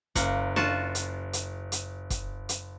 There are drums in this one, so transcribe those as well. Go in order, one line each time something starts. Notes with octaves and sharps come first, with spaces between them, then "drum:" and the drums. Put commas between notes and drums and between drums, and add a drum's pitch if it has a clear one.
F#1 A#3 F#5, drum: kick, hi-hat
F4 F#4 A5, drum: snare
drum: hi-hat
drum: hi-hat
drum: hi-hat
drum: kick, hi-hat
drum: hi-hat